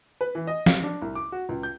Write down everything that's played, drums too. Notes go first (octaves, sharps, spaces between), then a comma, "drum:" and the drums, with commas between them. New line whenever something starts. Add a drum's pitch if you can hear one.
B4
E3
D#5
F5, drum: snare
D4
C2
D6
F#4
C#2
G6